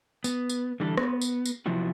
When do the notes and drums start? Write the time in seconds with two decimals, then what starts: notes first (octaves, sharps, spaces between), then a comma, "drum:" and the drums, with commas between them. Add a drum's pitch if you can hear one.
0.24 B3, drum: tambourine
0.49 drum: tambourine
0.80 D3 E3 G3 D4 A4
0.97 B3, drum: rim click
1.22 drum: tambourine
1.46 drum: tambourine
1.66 C3 F3 F#3 B3 E4 F#4